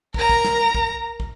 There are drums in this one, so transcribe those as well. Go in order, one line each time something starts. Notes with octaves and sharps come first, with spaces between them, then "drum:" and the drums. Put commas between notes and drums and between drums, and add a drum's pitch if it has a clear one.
A#4 A#5, drum: kick
drum: kick
drum: snare
drum: kick
drum: kick